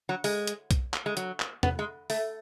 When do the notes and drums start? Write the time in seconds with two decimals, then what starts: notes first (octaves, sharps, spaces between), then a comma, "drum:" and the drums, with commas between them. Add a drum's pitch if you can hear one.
0.09 F#3
0.24 G#3, drum: open hi-hat
0.47 drum: hi-hat
0.71 drum: kick B1, hi-hat
0.94 drum: clap
1.06 G#3
1.17 F#3, drum: hi-hat
1.40 drum: clap
1.63 B3, drum: tom E2
1.79 G#3
2.10 A3, drum: open hi-hat